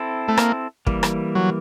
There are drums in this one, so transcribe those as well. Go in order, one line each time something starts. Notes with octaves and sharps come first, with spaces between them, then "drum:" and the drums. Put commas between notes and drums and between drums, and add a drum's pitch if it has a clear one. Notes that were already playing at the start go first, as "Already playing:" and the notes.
Already playing: C4 E4 A4
A3
A#3, drum: rim click
E3 G3 A#3, drum: kick
drum: rim click
F#3